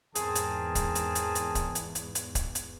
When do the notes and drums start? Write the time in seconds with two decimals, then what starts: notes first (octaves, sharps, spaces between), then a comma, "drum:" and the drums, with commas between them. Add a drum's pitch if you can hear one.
0.15 E2 G#2 C4 G#4 A#4 A5, drum: hi-hat
0.35 drum: hi-hat
0.75 drum: kick C#1, hi-hat
0.95 drum: hi-hat
1.15 drum: hi-hat
1.35 drum: hi-hat
1.55 drum: kick C#1, hi-hat
1.75 drum: hi-hat
1.95 drum: hi-hat
2.15 drum: hi-hat
2.35 drum: kick C#1, hi-hat
2.55 drum: hi-hat